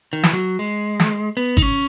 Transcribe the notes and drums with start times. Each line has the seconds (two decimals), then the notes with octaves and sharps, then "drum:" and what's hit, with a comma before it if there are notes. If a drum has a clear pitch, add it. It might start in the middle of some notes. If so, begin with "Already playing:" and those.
0.13 D#3
0.23 E3, drum: snare
0.33 F#3
0.59 G#3
1.00 drum: snare
1.37 B3
1.57 D#4, drum: kick
1.62 C#4